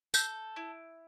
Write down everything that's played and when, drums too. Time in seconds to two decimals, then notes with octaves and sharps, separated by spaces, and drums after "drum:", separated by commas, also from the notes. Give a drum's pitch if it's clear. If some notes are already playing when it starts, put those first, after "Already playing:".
0.14 A4 G6, drum: tambourine
0.56 E4